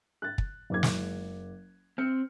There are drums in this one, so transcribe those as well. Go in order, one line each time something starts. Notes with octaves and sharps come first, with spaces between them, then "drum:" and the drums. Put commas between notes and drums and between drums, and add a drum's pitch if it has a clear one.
F#6 A6
drum: kick
F#1 D6 G#6
drum: snare
C4 F6 C#7